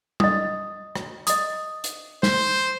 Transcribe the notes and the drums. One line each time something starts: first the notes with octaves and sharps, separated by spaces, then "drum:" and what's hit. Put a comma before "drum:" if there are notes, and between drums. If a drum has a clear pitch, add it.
D#5 D#6, drum: tom G3
drum: rim click
D#5 D#6, drum: hi-hat
drum: hi-hat
C5, drum: snare